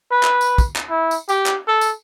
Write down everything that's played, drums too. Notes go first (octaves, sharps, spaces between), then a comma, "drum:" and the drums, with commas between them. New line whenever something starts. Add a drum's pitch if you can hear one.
B4
drum: clap
drum: tambourine
drum: kick, tambourine
drum: clap
E4
drum: tambourine
G4, drum: tambourine
drum: clap
A4
drum: tambourine